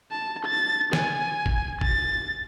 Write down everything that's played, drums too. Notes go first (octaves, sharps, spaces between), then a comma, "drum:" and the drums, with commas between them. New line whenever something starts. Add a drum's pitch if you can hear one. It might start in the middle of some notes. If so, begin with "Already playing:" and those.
A5
A6
G#5, drum: snare
drum: kick G#1
A6, drum: kick G#1